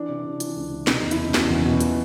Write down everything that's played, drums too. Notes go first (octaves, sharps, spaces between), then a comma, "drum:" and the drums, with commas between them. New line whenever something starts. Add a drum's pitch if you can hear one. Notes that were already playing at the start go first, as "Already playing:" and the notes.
Already playing: E3 D4
C3
C3
E3, drum: hi-hat
C#2
C3
B2 D#4, drum: snare
E2
E4, drum: hi-hat
F#1
F#1 F#4, drum: snare
E2
B2
E3, drum: hi-hat